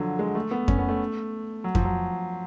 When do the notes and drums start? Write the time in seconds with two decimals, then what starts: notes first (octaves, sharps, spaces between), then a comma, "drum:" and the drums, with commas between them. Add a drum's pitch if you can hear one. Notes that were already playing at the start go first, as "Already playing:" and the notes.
Already playing: D3 F3 F#3
0.19 G#3
0.35 A3
0.51 B3
0.68 C#4, drum: kick F2
0.79 B3
0.89 A3
1.64 F#3
1.75 F3, drum: kick F2
1.85 F#3